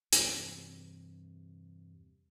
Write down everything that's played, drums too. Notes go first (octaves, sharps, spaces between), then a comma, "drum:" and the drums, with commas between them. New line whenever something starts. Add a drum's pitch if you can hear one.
E2 G2 C3, drum: hi-hat